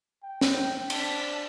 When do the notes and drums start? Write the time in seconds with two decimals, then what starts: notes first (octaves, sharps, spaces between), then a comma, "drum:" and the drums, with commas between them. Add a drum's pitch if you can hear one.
0.24 G5
0.41 drum: snare
0.90 D4 A5 B6, drum: cymbal